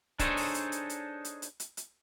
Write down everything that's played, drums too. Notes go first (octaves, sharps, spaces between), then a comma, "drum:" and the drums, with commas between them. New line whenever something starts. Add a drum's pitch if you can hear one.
D4 D#4 G#4 A4 C5 C#5, drum: kick, hi-hat
drum: open hi-hat
drum: hi-hat
drum: hi-hat
drum: hi-hat
drum: hi-hat
drum: hi-hat
drum: hi-hat
drum: hi-hat